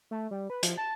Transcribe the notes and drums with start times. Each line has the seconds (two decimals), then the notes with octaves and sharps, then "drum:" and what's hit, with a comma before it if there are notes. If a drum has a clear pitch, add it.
0.11 A3
0.31 G3
0.50 B4
0.63 F3, drum: hi-hat
0.78 A5